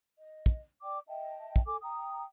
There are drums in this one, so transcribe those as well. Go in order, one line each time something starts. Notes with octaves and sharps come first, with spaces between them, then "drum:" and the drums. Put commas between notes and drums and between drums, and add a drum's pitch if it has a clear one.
D#5
drum: kick
D5 G5 D6
D#5 E5 G5 A5
drum: kick
A4 G#5 D6
G5 A#5 D#6